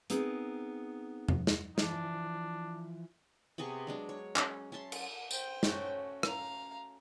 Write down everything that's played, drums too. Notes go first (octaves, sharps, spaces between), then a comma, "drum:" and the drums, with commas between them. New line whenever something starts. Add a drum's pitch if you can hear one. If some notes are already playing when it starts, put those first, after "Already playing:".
B3 C4 D#4 G#4 A#4, drum: hi-hat
drum: tom E2
drum: snare
E3 F3 D4, drum: snare
C3 B3 G#4 C#6
F#3 G#3 D4
C#5
C#4, drum: clap
C#4 E5 A5 C6
drum: cymbal
C5 G5, drum: tambourine
A3 C#4 F#4, drum: snare
F5 A#5, drum: rim click